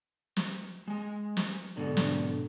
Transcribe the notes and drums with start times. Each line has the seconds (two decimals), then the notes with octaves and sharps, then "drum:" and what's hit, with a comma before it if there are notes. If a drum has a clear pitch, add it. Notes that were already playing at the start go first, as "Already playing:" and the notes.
0.37 drum: snare
0.88 G#3 G#5
1.37 drum: snare
1.77 G#2 B2 D3 F#3
1.97 drum: snare